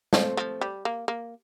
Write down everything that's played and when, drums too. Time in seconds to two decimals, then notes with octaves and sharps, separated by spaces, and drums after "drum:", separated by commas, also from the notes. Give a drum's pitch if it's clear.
0.13 F3 A3 C4, drum: snare
0.37 F3
0.61 G3
0.85 A#3
1.08 A#3